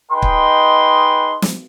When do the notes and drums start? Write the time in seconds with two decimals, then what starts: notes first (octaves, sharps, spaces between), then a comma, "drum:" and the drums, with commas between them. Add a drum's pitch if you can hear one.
0.12 D#4 G#4 B4 D#5 G5 C6
0.22 drum: kick
1.42 drum: snare